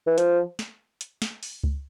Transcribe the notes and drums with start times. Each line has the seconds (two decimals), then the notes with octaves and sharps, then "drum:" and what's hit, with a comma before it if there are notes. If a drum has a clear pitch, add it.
0.07 E3
0.18 F3, drum: hi-hat
0.59 drum: snare
1.01 drum: hi-hat
1.22 drum: snare
1.43 drum: open hi-hat
1.64 drum: kick C#2